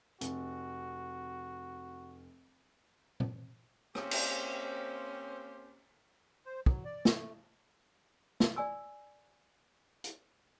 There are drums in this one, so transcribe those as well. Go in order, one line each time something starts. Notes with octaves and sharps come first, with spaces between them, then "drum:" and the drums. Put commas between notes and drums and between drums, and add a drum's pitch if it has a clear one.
F1 F#4, drum: hi-hat
drum: tom A#2
A#3 C4 C#4 G4 C5, drum: rim click
drum: cymbal
C5
F#3, drum: kick
D5
A3, drum: snare
drum: snare
D5 G#5 E6
drum: hi-hat